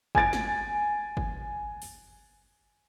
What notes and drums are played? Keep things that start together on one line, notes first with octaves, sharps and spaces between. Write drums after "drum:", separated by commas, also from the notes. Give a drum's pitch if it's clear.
G#5 G#6 A6 D7, drum: kick G1
drum: snare
drum: kick G1
drum: open hi-hat